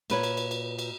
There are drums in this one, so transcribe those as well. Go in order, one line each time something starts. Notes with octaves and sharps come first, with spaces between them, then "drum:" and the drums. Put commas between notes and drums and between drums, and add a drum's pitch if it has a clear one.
A#2 B4 C#5, drum: cymbal
drum: cymbal
drum: cymbal
drum: cymbal
drum: cymbal